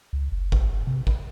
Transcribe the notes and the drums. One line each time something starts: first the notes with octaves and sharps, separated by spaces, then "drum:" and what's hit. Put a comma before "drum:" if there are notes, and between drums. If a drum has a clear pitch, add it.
C#2
F#1
drum: kick A1
F#1
C3
G#1, drum: kick A1